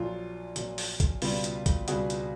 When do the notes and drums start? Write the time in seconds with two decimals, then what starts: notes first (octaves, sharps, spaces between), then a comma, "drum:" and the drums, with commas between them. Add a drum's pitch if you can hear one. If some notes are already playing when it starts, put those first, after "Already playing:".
Already playing: A#1 A#2 F#3 F4
0.56 A#1 A#2 F#3, drum: hi-hat
0.78 drum: open hi-hat
1.00 drum: kick, hi-hat
1.22 C#2 B2 G3 B3 F4, drum: open hi-hat
1.44 drum: hi-hat
1.66 drum: kick, hi-hat
1.88 C#2 B2 G3 B3 F#4 G#4, drum: hi-hat
2.10 drum: hi-hat